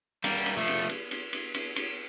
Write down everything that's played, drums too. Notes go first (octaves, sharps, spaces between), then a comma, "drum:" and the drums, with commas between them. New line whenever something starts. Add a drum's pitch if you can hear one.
G3 A#3, drum: cymbal
drum: cymbal
F3 A3
drum: cymbal
drum: cymbal
drum: cymbal
drum: cymbal
drum: cymbal
drum: cymbal